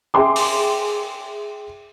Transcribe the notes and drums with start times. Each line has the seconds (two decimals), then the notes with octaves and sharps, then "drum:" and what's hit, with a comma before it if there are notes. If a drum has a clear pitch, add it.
0.14 G#4 E5 G5 G#5 C6 D6
0.36 drum: open hi-hat